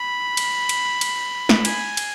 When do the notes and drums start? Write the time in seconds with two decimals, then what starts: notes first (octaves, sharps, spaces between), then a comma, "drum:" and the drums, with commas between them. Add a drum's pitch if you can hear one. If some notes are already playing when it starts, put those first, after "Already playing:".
Already playing: B5
0.37 drum: cymbal
0.69 drum: cymbal
1.01 drum: cymbal
1.49 drum: snare
1.65 G#5, drum: cymbal
1.97 drum: cymbal